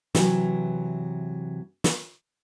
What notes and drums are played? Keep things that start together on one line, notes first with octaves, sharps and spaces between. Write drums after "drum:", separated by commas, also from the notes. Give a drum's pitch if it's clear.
C3 E3 F#3, drum: snare
drum: snare